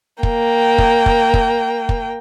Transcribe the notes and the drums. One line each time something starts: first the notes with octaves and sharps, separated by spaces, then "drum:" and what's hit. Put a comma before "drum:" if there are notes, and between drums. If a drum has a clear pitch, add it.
A#3 G5, drum: kick
drum: kick
drum: kick
drum: kick
drum: kick